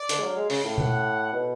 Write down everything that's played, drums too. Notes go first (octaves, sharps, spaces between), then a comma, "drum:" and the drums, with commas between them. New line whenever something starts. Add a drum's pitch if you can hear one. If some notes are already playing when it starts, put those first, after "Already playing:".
Already playing: D5
D3, drum: hi-hat
G#3
F#3 F5
G#3
C#3, drum: open hi-hat
A2
F#5, drum: tom B2
B2